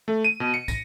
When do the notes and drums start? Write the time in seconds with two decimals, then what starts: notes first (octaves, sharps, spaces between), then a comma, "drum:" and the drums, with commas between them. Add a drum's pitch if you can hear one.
0.08 A3
0.25 D#7
0.40 B2
0.54 C#7
0.68 A#6, drum: kick, tambourine